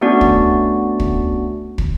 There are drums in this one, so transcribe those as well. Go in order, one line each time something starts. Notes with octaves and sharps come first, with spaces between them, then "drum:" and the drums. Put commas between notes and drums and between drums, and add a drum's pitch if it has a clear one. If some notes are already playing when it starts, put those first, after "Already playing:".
A3 B3 C#4 D4 F#4 D5
drum: kick
drum: kick
drum: kick